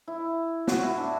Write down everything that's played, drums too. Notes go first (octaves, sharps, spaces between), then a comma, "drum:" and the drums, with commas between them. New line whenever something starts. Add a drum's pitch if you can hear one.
E4
F#4, drum: snare
E4
D4